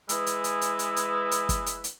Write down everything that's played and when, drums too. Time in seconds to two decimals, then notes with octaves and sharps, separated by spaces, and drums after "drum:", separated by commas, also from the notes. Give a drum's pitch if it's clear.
0.09 E3 G#3 G#4 B4 E6, drum: hi-hat
0.26 drum: hi-hat
0.44 drum: hi-hat
0.61 drum: hi-hat
0.79 drum: hi-hat
0.96 drum: hi-hat
1.31 drum: hi-hat
1.49 drum: kick, hi-hat
1.66 drum: hi-hat
1.84 drum: hi-hat